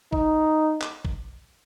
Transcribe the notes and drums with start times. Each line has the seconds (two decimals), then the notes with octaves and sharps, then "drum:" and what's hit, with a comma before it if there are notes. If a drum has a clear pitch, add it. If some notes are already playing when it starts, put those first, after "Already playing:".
0.13 D#4, drum: kick
0.82 drum: clap
1.05 drum: kick